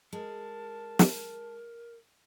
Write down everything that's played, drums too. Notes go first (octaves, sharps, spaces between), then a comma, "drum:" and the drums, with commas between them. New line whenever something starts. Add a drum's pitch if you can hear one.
G#3 A#4 A5
drum: snare